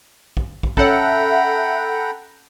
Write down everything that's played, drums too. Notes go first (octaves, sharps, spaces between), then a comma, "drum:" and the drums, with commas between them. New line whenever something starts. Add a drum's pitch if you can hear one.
drum: kick
drum: kick
C#4 A4 C#5 E5 F#5 G5 A#5 B5, drum: kick